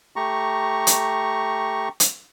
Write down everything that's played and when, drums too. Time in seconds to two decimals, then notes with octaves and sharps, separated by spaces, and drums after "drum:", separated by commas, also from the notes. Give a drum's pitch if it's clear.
0.16 A3 G4 A#5 C#6
0.87 drum: hi-hat
2.00 drum: hi-hat